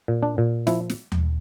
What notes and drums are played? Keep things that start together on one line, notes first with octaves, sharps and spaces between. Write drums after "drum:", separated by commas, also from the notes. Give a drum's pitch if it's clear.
A#2
D4
A#2
F3 E4, drum: snare
drum: snare
drum: tom D#2